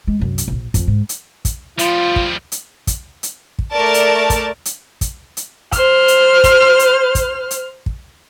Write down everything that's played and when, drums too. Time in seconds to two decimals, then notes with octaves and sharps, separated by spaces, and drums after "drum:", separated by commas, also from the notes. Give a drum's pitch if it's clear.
0.07 G#3
0.19 C2 F#2
0.38 drum: hi-hat
0.48 D#1 A#1
0.74 F2, drum: kick, hi-hat
0.87 G#2
1.09 drum: hi-hat
1.45 drum: kick, hi-hat
1.79 F3 G3 F4, drum: hi-hat
2.16 drum: kick
2.52 drum: hi-hat
2.87 drum: kick, hi-hat
3.23 drum: hi-hat
3.59 drum: kick
3.72 A3 A#4 D5 A5
3.94 drum: hi-hat
4.30 drum: kick, hi-hat
4.65 drum: hi-hat
5.01 drum: kick, hi-hat
5.37 drum: hi-hat
5.72 C5 F6, drum: kick, hi-hat
6.08 drum: hi-hat
6.44 drum: kick, hi-hat
6.79 drum: hi-hat
7.15 drum: kick, hi-hat
7.51 drum: hi-hat
7.86 drum: kick